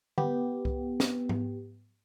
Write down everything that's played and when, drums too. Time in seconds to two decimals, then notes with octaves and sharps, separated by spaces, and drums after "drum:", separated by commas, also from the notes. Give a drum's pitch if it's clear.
0.18 B3 G4, drum: tom D3
0.65 drum: kick C2
1.00 drum: snare
1.29 drum: tom G#2